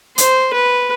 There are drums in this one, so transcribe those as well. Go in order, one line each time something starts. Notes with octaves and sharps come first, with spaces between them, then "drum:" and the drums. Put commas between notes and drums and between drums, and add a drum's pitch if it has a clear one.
C5, drum: hi-hat
B4